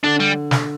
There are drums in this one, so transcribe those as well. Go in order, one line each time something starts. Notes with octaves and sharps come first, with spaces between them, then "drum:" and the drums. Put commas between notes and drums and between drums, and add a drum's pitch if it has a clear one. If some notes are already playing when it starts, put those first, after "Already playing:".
D3 D4
G3
drum: snare